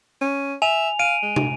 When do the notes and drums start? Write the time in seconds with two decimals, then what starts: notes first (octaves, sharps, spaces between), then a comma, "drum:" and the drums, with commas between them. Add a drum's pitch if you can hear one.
0.21 C#4
0.62 E5 G#5 F7
0.99 F5 D7 D#7
1.22 G#3
1.36 drum: tom